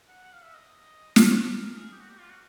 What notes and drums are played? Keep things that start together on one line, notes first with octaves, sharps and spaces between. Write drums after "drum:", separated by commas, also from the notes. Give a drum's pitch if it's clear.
F#5
F#5
F5
E5
D#5
D5, drum: snare
A4
A#4
A#4
G#4
G4
F#4
G4
F4
F#4